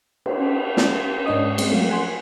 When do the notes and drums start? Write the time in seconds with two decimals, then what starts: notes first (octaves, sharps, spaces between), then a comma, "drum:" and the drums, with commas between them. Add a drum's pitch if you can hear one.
0.26 drum: cymbal
0.77 drum: snare
1.26 G#2 C#4 D4 C#5 D#5 D#6
1.58 G#3 C4, drum: cymbal
1.72 F3 F#3 A3 A#3 F4 F#4
1.89 F#5 G#5 C6